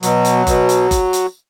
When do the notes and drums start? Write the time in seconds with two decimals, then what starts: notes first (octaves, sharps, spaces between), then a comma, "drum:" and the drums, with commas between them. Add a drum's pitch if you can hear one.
0.03 B2 F#3, drum: hi-hat
0.25 drum: hi-hat
0.47 B2, drum: kick F#1, hi-hat
0.69 drum: hi-hat
0.91 drum: kick F#1, hi-hat
1.13 drum: hi-hat